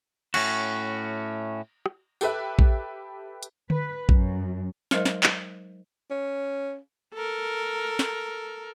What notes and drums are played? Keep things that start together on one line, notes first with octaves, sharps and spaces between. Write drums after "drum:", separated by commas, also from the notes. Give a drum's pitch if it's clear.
A2 C#4 F#4, drum: cymbal
drum: rim click
G4 A4 B4 E5 F#6, drum: tambourine
drum: kick
drum: hi-hat
B4, drum: tom D3
F#2, drum: kick
F#3 G#3 D#4 A#4 C5 D#5, drum: snare
drum: snare
drum: clap
C#4
A4 A#4
drum: snare